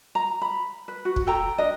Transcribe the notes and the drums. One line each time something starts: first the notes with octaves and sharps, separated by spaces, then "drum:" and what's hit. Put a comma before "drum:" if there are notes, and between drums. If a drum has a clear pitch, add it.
A#5
B5
B4
F#4
drum: kick
A4 G5 A#5
D4 D#5